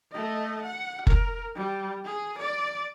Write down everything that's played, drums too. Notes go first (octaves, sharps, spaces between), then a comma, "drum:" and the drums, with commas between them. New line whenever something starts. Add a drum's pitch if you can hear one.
A3 D#5
F#5
A#4, drum: kick F#1
G3
G#4
D5